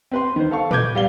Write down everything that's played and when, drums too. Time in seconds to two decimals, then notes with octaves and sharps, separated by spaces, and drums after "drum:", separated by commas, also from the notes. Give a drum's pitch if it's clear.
0.11 C4 B4 C6
0.36 D#3 C5
0.51 A4 F5 C#6
0.71 B4 D6 G6 G#6, drum: tom
0.95 G3 F5 G7